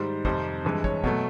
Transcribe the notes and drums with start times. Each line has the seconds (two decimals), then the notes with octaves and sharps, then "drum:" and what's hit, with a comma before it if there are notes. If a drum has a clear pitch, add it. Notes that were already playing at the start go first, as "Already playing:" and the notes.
Already playing: G#2 D#3 G3 C5
0.25 F2 C3 D#3 G3 C5, drum: kick
0.65 G2 E3 G#3
0.84 C#5, drum: kick
1.04 B2 F#3 A3, drum: kick